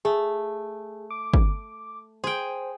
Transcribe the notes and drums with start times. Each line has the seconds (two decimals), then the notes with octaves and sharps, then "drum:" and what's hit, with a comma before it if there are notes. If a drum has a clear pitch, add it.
0.05 A3 G#4
1.11 D6
1.34 drum: kick
2.24 G#4 C5 G5